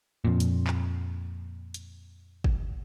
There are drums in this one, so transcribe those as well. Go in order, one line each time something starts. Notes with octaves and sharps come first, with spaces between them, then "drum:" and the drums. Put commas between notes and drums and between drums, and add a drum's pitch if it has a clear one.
F2 A#2
drum: hi-hat
drum: clap
drum: hi-hat
drum: kick